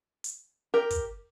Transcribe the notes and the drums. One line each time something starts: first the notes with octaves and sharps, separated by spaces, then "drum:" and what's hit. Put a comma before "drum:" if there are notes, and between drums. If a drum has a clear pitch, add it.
drum: hi-hat
G4 A#4
drum: kick, hi-hat